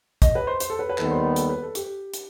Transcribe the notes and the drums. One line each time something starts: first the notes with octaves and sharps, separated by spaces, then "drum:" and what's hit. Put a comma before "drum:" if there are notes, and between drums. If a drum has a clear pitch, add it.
D#5, drum: kick, hi-hat
B4
C5
C5, drum: hi-hat
A4
B4
B4
D#2 D#3 G3 B3 A4, drum: clap
C5
A4, drum: hi-hat
B4
A4
G4, drum: hi-hat
drum: hi-hat